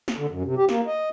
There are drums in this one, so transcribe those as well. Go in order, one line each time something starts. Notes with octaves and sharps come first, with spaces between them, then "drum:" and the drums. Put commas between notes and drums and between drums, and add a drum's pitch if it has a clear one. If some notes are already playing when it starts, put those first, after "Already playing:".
drum: snare
D3
F#2
C3
G4
A#3, drum: snare
D#5